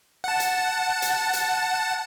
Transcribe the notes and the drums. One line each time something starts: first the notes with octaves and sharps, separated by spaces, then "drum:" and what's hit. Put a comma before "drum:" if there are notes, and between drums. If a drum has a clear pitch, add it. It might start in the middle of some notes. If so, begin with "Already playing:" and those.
F#5 A5
drum: hi-hat
drum: hi-hat
drum: hi-hat